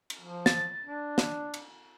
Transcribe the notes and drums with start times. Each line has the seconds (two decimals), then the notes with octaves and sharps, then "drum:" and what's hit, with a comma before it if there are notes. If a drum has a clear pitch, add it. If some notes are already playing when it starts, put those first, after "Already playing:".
0.10 drum: cymbal
0.21 F3
0.46 A6, drum: snare
0.86 D4
1.18 drum: snare
1.54 drum: cymbal